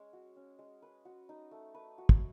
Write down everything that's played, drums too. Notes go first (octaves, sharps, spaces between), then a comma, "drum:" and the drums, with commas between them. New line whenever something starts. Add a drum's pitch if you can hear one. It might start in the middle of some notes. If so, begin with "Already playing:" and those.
Already playing: G#3 C#4
F#4
C#4
G#3
B4
F#4
D#4
A3
B4
F#4
drum: kick